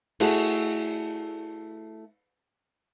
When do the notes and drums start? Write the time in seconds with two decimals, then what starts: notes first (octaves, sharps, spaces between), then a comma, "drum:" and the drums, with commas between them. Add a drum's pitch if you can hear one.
0.20 A3 E4 F#4 G#4 A4, drum: cymbal